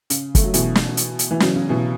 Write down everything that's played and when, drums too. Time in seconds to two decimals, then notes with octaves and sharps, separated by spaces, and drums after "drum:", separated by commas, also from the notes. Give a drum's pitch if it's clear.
0.10 C#3, drum: hi-hat
0.35 A3, drum: kick, hi-hat
0.44 F#3
0.54 B2 E3, drum: hi-hat
0.75 drum: snare
0.97 drum: hi-hat
1.19 drum: hi-hat
1.31 E3
1.40 C#3 F#3, drum: snare
1.55 C#3
1.69 B2 E3